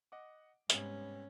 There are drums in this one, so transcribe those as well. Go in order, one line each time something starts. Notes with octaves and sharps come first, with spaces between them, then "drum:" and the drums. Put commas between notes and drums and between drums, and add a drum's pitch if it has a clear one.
D#5 F#5 D6
G#2 C3 G3 B3 C#4, drum: hi-hat